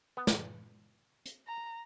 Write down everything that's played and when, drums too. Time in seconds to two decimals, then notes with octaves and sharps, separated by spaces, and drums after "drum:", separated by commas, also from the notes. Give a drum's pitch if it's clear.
0.17 B3
0.27 drum: snare
1.26 drum: hi-hat
1.47 A#5